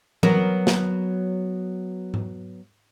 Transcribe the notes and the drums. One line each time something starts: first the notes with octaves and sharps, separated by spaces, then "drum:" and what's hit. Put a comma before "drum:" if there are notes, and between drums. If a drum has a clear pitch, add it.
F#3 B3 A#4, drum: tom E3
drum: snare
drum: tom G#2